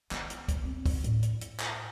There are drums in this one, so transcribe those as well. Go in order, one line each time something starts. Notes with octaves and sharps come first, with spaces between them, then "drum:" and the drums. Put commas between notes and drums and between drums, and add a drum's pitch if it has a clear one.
B3, drum: clap
drum: hi-hat
drum: kick, hi-hat
C4
drum: kick, open hi-hat
A2, drum: hi-hat
drum: hi-hat
drum: hi-hat
drum: clap